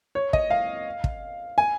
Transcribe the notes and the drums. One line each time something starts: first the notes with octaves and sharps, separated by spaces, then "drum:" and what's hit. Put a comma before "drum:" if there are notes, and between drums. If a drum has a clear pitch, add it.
C#5
D#5, drum: kick
F5
drum: kick
G#5